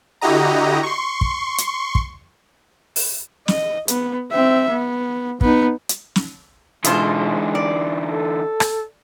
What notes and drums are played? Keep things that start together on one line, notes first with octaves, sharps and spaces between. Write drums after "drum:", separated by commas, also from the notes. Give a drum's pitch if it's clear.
D3 E4 F#4 G4 D#5 A#5
C6 C#6
drum: kick
drum: hi-hat
drum: kick
drum: open hi-hat
D#5, drum: snare
B3, drum: hi-hat
C4 E5
B3
B3 D#4, drum: kick
drum: hi-hat
drum: snare
B2 D3 E3 G#3 F4 C5, drum: hi-hat
D5
A4
drum: rim click